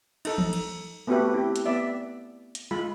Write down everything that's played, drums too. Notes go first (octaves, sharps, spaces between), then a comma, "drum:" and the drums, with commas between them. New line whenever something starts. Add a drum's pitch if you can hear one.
D#4 A4, drum: cymbal
drum: tom E3
drum: cymbal
A3 B3 C4 F#4 G4 B4
E4 G4
drum: hi-hat
B3 D5 E5
drum: hi-hat
G#3 F4 B5